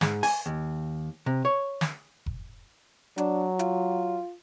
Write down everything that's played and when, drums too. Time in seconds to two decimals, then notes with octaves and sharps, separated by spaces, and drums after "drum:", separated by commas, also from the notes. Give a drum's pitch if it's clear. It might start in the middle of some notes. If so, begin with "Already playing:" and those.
0.01 G#2, drum: snare
0.23 G#5, drum: open hi-hat
0.46 D#2
1.26 C3
1.45 C#5
1.81 drum: snare
2.26 drum: kick F1
3.18 F#3 D4, drum: hi-hat
3.59 F4, drum: hi-hat